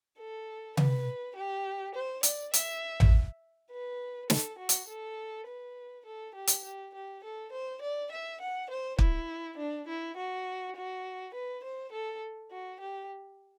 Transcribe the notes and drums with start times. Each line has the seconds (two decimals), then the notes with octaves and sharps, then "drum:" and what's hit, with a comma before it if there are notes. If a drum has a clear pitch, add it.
0.19 A4
0.77 B4, drum: tom C3
1.36 G4
1.95 C5
2.23 D5, drum: hi-hat
2.54 E5, drum: hi-hat
3.00 drum: tom A1
3.71 B4
4.30 A4, drum: snare
4.58 F#4
4.69 drum: hi-hat
4.88 A4
5.47 B4
6.05 A4
6.34 G4
6.47 drum: hi-hat
6.64 G4
6.94 G4
7.23 A4
7.52 C5
7.81 D5
8.11 E5
8.41 F#5
8.70 C5
8.99 E4, drum: kick
9.57 D4
9.88 E4
10.16 F#4
10.76 F#4
11.34 B4
11.63 C5
11.92 A4
12.51 F#4
12.80 G4